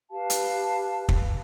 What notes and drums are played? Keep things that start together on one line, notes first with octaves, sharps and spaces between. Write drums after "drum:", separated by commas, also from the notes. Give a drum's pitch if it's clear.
G4 B4 F5 A5
drum: hi-hat
drum: kick